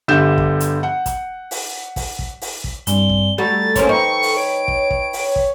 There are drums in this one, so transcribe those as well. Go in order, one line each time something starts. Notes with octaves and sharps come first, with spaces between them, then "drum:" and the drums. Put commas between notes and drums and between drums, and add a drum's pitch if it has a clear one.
G1 D3 G4 G6 E7
drum: kick
drum: hi-hat
F#5
drum: kick, hi-hat
drum: open hi-hat
drum: kick, open hi-hat
drum: kick
drum: open hi-hat
drum: kick
G2 C4 D5 G#5 G7, drum: hi-hat
drum: kick
G3 A3 F#4 A4 A#5 A6
A#3 C4 C#4, drum: kick, hi-hat
D#4 B4 G5 B5 C#6
drum: open hi-hat
C#5 D7
drum: kick
drum: kick
drum: open hi-hat
drum: kick